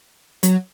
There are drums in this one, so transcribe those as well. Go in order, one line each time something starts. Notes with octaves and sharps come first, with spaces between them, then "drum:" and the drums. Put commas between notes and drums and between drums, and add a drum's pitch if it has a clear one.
F#3, drum: hi-hat